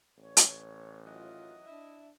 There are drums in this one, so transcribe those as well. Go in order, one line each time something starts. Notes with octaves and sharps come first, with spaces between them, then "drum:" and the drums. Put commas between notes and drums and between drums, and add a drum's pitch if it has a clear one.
A1 C#5
drum: hi-hat
D#3 E3 F#3 F4 D#5
D4 E4 E5